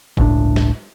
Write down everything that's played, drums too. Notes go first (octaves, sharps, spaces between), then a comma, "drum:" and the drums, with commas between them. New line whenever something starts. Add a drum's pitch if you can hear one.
G1 C#2 A2 D4, drum: kick G#1
drum: snare